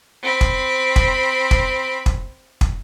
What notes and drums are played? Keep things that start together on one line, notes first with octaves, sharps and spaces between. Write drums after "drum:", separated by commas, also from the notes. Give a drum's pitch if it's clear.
C4 B5
drum: kick
drum: kick
drum: kick
drum: kick
drum: kick